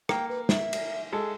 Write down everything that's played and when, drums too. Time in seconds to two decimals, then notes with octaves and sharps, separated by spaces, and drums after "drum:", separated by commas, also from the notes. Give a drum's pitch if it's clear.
0.09 A#3 G5, drum: rim click
0.29 B4
0.49 E5, drum: snare
0.73 drum: cymbal
1.12 G#3 A4